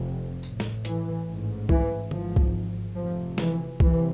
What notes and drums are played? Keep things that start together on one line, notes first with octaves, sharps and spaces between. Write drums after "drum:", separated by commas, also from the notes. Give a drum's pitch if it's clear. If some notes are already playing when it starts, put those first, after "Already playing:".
Already playing: F1 F2 C3
A1 A2, drum: tambourine
drum: snare
E3, drum: hi-hat
A1 G#2
E3, drum: kick C2
G#1 G#2 F3, drum: tom
drum: kick C2
F1 F2 C3 F3
E3, drum: snare
C2 C3 E3, drum: kick C2